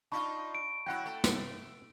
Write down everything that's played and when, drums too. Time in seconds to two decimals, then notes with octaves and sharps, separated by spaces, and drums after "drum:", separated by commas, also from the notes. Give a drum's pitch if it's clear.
0.12 D4 D#4 F4 A5 B5 C#6
0.55 D7
0.86 F#3 E4 F#5 G5
1.06 A3
1.24 drum: snare